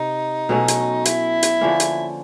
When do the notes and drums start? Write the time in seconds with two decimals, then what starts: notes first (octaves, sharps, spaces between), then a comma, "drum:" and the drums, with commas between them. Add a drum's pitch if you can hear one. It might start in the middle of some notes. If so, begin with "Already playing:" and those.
Already playing: C3 D#4
0.49 B2 F#3 A3 C#4
0.68 drum: hi-hat
1.05 E4, drum: hi-hat
1.43 drum: hi-hat
1.61 D3 F3 A#3 C#4
1.80 drum: hi-hat